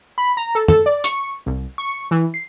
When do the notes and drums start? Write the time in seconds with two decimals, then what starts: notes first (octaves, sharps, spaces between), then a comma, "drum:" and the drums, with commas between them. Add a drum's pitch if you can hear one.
0.18 B5
0.37 A#5
0.55 A4
0.68 A4, drum: tom
0.86 D5
1.04 C#6, drum: hi-hat
1.46 C2
1.78 C#6
2.11 E3
2.34 C7